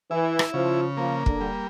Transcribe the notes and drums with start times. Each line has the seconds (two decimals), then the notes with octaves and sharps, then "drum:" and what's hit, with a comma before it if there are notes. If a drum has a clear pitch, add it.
0.10 E3 E4
0.39 drum: rim click
0.54 C#3 F3
0.97 F3 A#3
1.26 D3, drum: kick
1.41 G3